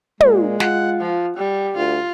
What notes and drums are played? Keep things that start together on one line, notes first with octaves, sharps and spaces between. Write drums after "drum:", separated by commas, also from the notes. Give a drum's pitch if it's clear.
A#2 G#3, drum: tom
F4 F#5, drum: snare
F3
G3 G4
D2 F4